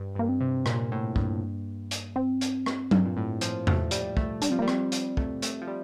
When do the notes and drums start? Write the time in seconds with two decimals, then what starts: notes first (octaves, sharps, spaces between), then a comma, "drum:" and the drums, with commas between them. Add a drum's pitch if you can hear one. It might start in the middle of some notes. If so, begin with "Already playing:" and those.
Already playing: G2
0.15 G2 A#3
0.29 C4
0.41 C3
0.66 A#2 A#3, drum: rim click
0.92 A2
1.16 G2, drum: kick
1.91 drum: hi-hat
2.16 C4
2.41 drum: hi-hat
2.66 drum: rim click
2.91 G2, drum: tom F#3
3.05 A#2
3.17 A2
3.41 F3, drum: hi-hat
3.67 A3, drum: tom E2
3.91 G3, drum: hi-hat
4.17 A3, drum: kick
4.42 G3 D4, drum: hi-hat
4.50 F3 C4
4.59 G3 A#3
4.68 C4, drum: rim click
4.92 drum: hi-hat
5.17 A3, drum: kick
5.42 A3, drum: hi-hat
5.61 F3
5.67 G3